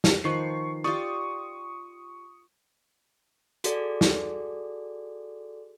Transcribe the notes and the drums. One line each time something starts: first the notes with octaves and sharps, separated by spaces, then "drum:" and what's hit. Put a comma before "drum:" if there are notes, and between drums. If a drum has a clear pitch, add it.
drum: snare
D#3 F3 B4 C#6 C7
F4 G4 D5 C#6 D#6
F#4 G#4 A4 D5, drum: hi-hat
drum: snare